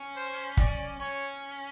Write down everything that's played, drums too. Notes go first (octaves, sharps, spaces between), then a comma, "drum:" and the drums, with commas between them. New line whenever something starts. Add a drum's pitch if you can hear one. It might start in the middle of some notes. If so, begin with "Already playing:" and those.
Already playing: C#4
C5
D5, drum: kick
C#4 C#5